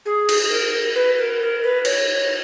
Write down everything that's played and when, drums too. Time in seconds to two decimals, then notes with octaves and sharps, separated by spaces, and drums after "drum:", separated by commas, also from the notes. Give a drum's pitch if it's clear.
0.06 G#4
0.29 drum: cymbal
0.50 A#4
0.95 B4
1.18 A#4
1.40 A#4
1.63 B4
1.85 C#5, drum: cymbal